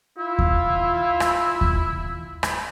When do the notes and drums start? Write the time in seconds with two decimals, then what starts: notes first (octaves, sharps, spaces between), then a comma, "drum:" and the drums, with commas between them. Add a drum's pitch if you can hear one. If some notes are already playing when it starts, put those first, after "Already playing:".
0.18 E4 F4
0.39 drum: kick D#2
1.20 drum: rim click
1.61 drum: kick D#2
2.43 drum: rim click